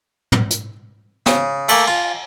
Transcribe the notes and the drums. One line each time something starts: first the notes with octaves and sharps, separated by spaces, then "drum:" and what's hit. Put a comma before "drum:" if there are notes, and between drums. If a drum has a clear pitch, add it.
drum: tom
drum: hi-hat
C#3, drum: snare
A3 A#3, drum: cymbal
F4